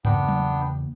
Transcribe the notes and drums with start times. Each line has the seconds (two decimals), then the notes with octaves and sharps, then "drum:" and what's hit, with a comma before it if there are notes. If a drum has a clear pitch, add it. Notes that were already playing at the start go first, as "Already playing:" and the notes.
0.05 E2 C#3 A#3 B3 D4 G5, drum: tom G2
0.28 drum: tom F#3